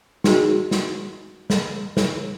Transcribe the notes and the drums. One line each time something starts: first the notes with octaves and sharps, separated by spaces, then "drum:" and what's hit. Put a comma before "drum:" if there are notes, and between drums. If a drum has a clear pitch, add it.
D#4 F#4 G#4, drum: snare
drum: snare
drum: snare
drum: snare